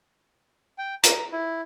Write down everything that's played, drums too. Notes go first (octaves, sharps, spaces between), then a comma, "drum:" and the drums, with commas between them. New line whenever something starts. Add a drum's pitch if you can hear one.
G5
A#5, drum: hi-hat
E4